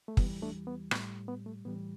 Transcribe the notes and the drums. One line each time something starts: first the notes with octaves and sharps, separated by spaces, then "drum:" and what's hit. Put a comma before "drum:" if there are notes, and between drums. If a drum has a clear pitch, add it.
A3
E2 E3 G3 B3, drum: kick
A3 D4
B3
A2 G3 B3, drum: rim click
B3
A3
A2 E3 G3 B3